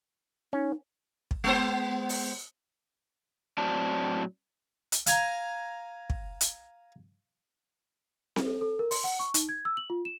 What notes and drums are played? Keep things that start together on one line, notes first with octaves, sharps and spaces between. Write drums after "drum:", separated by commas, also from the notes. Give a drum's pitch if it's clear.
C#4 D#4
drum: kick
G#3 B3 C5
drum: open hi-hat
A2 F#3 C4 D5 A5
drum: hi-hat
F5 G#5 A#5, drum: hi-hat
drum: kick
drum: hi-hat
drum: snare C4
A4
A4
A#4
C6, drum: open hi-hat
F#5
C#6
D#4, drum: hi-hat
G#6
E6
F#7
F4
E7